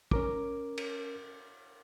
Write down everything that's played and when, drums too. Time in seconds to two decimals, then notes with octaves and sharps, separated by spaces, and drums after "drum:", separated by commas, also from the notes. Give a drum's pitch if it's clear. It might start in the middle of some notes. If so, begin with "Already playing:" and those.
0.11 C#4 A#4 D6, drum: kick
0.78 drum: cymbal